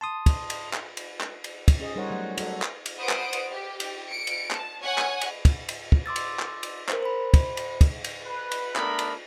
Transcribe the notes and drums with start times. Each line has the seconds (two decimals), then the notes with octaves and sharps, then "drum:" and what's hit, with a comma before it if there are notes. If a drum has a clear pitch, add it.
0.01 A5 C6 D#6
0.26 drum: kick, cymbal
0.50 drum: cymbal
0.73 drum: clap
0.97 drum: cymbal
1.21 drum: clap
1.44 drum: cymbal
1.68 drum: kick, cymbal
1.80 C#4 G#4 D#5
1.96 G3 D#4 A#4 C5 C#5 F#5
2.10 F#3 A3 F#5
2.38 F#4 A4, drum: cymbal
2.62 drum: clap
2.86 drum: cymbal
2.97 B4 C5 F#5 D#6 D7
3.09 drum: clap
3.33 drum: cymbal
3.50 G4
3.80 drum: cymbal
4.09 C#7 D7
4.27 drum: cymbal
4.51 A5, drum: clap
4.80 C#5 F#5 G#5
4.98 drum: clap
5.21 drum: cymbal
5.45 drum: kick, cymbal
5.69 drum: cymbal
5.92 drum: kick
6.06 C6 D6 E6 A6
6.16 drum: cymbal
6.39 drum: clap
6.63 drum: cymbal
6.89 A#4 C5, drum: clap
7.03 C5 B5
7.34 drum: kick, cymbal
7.57 drum: cymbal
7.81 drum: kick, cymbal
8.04 drum: cymbal
8.25 B4
8.52 drum: cymbal
8.76 A3 B3 D4 A#4 A#5 B5, drum: clap
8.99 drum: cymbal